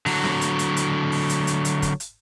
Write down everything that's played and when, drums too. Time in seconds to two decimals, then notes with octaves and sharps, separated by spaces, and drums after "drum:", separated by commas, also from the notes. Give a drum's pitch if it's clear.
0.06 D3 F#3, drum: open hi-hat
0.24 drum: snare C4
0.41 drum: hi-hat
0.59 drum: hi-hat
0.77 drum: hi-hat
1.12 drum: open hi-hat
1.29 drum: hi-hat
1.47 drum: hi-hat
1.65 drum: hi-hat
1.82 drum: kick, hi-hat
2.00 drum: hi-hat